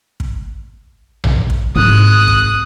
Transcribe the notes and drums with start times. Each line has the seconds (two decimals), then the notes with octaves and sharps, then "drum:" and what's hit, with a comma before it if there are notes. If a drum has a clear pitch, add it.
0.20 drum: kick
1.24 drum: tom A#1
1.50 drum: kick
1.76 G#1 D#6 F#6
2.28 drum: kick